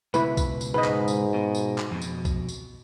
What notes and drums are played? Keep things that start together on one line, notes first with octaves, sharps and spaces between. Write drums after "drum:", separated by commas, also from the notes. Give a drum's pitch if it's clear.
C#2 B2 E4 B4, drum: tambourine
drum: kick B1, tambourine
drum: tambourine
G#2 B4 D#5
drum: clap
drum: tambourine
B2
drum: tambourine
drum: clap
F2 B2
drum: tambourine
drum: kick B1, tambourine
drum: tambourine